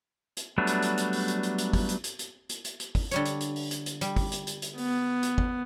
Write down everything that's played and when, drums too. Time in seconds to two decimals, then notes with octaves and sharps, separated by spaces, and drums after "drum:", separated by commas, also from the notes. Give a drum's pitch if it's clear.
0.37 drum: hi-hat
0.58 F#3 G3 A3 B3 D4
0.67 drum: hi-hat
0.82 drum: hi-hat
0.98 drum: hi-hat
1.13 drum: open hi-hat
1.28 drum: hi-hat
1.43 drum: hi-hat
1.58 drum: hi-hat
1.73 drum: kick, open hi-hat
1.89 drum: hi-hat
2.04 drum: hi-hat
2.19 drum: hi-hat
2.49 drum: hi-hat
2.65 drum: hi-hat
2.80 drum: hi-hat
2.95 drum: kick, open hi-hat
3.11 D3 G3 C#5, drum: hi-hat
3.25 drum: hi-hat
3.41 drum: hi-hat
3.56 drum: open hi-hat
3.71 drum: hi-hat
3.86 drum: hi-hat
4.01 G3, drum: hi-hat
4.16 drum: kick, open hi-hat
4.32 drum: hi-hat
4.47 drum: hi-hat
4.62 drum: hi-hat
4.78 B3, drum: open hi-hat
5.23 drum: hi-hat
5.38 drum: kick